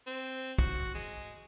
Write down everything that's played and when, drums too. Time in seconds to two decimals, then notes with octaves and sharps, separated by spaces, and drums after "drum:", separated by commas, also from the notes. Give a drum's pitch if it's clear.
0.07 C4
0.58 F#4, drum: kick
0.95 G#3